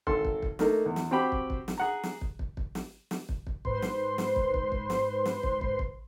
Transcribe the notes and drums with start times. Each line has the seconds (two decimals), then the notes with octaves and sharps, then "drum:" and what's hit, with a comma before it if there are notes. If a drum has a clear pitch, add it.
0.07 G#1 A4 C6, drum: kick
0.25 drum: kick
0.43 drum: kick
0.59 A3 A#3 D#4 A4 A#4, drum: snare
0.86 E2
0.96 drum: snare
1.11 C4 F#4 G4 G5 B5 D6
1.32 drum: kick
1.50 drum: kick
1.68 drum: snare
1.78 G#4 F#5 A#5
2.04 drum: snare
2.21 drum: kick
2.39 drum: kick
2.57 drum: kick
2.75 drum: snare
3.11 drum: snare
3.29 drum: kick
3.47 drum: kick
3.65 G#2 B4 C5 C6, drum: kick
3.82 drum: snare
4.18 drum: snare
4.36 drum: kick
4.54 drum: kick
4.72 drum: kick
4.90 drum: snare
5.25 drum: snare
5.43 drum: kick
5.61 drum: kick
5.79 drum: kick